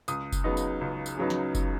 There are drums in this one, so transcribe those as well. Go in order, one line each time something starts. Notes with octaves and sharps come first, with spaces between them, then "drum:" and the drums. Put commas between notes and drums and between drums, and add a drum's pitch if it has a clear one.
C#2 D#6, drum: tambourine
drum: kick F#1, tambourine
C#3 F#3 B3 D#4
drum: tambourine
C#2
drum: tambourine
C#3 F#3 B3 D#4
drum: snare
drum: kick F#1, tambourine